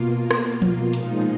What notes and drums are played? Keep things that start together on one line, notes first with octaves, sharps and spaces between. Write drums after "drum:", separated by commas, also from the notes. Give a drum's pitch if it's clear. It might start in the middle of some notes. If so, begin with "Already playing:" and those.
Already playing: B2 A#3 F4
drum: rim click
drum: tom F3
A#2 F3 G#3 D#4, drum: hi-hat